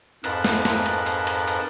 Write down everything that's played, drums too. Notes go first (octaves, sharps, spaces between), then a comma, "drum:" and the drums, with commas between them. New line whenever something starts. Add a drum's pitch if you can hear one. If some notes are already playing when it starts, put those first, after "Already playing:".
F2 G#2 A#4 B4 A5 F#6, drum: cymbal
drum: snare
drum: snare
drum: cymbal
drum: cymbal
drum: cymbal
drum: cymbal